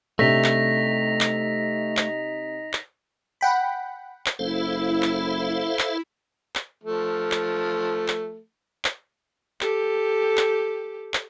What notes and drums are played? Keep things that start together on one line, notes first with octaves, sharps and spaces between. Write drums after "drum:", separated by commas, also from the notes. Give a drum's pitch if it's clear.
C3 A3 D4 D#4 E5 A#6 B6 F7
drum: clap
drum: clap
drum: clap
drum: clap
F#5 G5 B5
drum: clap
F#1 E4 A4 C5 F5
drum: clap
drum: clap
drum: clap
F3 A3
drum: clap
drum: clap
drum: clap
G4 A4, drum: clap
drum: clap
drum: clap